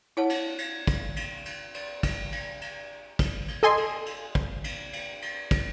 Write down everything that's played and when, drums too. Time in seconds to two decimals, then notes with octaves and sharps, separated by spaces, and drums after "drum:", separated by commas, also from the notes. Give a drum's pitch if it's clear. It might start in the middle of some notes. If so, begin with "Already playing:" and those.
0.17 E4 C#5 F#5 A5
0.29 drum: cymbal
0.58 drum: cymbal
0.87 drum: kick, cymbal
1.16 drum: cymbal
1.45 drum: cymbal
1.74 drum: cymbal
2.03 drum: kick, cymbal
2.32 drum: cymbal
2.61 drum: cymbal
3.19 drum: kick, cymbal
3.48 drum: cymbal
3.63 A4 D#5 G#5 C6
3.77 drum: cymbal
4.06 drum: cymbal
4.35 drum: kick
4.64 drum: cymbal
4.93 drum: cymbal
5.22 drum: cymbal
5.51 drum: kick, cymbal